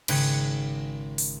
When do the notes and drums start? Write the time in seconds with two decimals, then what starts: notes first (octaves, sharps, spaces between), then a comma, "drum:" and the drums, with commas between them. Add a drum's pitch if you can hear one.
0.08 G#1 C#3 G5 F#6 G#6, drum: cymbal
1.18 drum: open hi-hat